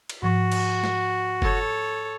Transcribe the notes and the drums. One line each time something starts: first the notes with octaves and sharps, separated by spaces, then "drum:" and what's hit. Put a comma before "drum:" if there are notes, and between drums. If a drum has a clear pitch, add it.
drum: cymbal
G#2 F3 F#4 C#6
drum: cymbal
drum: snare
A4 C#5, drum: kick F#1